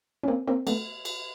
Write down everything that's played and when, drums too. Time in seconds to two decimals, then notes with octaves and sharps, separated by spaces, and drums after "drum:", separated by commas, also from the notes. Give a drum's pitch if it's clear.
0.23 C#4
0.28 A#3 C4
0.48 A#3 C4
0.67 A3 B3, drum: cymbal
1.05 drum: cymbal